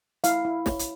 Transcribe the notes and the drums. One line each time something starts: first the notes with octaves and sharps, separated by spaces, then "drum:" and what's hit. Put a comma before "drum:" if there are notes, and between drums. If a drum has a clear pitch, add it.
E4 F5, drum: hi-hat
E4
C#5, drum: snare
drum: hi-hat